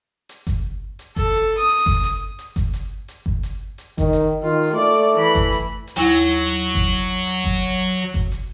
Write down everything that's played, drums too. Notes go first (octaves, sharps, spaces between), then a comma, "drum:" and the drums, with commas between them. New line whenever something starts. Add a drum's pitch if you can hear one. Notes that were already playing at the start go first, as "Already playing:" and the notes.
drum: hi-hat
drum: kick G1, hi-hat
drum: hi-hat
A4, drum: kick G1, hi-hat
drum: hi-hat
D#6
drum: hi-hat
drum: kick G1, hi-hat
drum: hi-hat
drum: hi-hat
drum: kick G1, hi-hat
drum: hi-hat
drum: hi-hat
drum: kick G1
drum: hi-hat
drum: hi-hat
D#3, drum: kick G1, hi-hat
drum: hi-hat
D#3 F4
A3 D5
E3 B5
drum: kick G1, hi-hat
drum: hi-hat
drum: hi-hat
D#2 F#3 E4 F#5
drum: hi-hat
drum: kick G1, hi-hat
drum: hi-hat
drum: hi-hat
drum: kick G1
drum: hi-hat
drum: hi-hat
drum: kick G1, hi-hat
drum: hi-hat